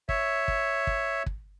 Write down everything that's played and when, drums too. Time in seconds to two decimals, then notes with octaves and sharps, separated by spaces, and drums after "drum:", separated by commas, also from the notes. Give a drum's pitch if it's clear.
0.09 C#5 E5, drum: kick
0.48 drum: kick
0.87 drum: kick
1.26 drum: kick